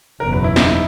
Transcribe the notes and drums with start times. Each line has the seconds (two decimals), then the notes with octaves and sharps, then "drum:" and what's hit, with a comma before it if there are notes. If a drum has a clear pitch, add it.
0.20 F#1 E2 B2 A#4
0.33 B4
0.44 E4
0.56 D#4, drum: snare
0.68 E4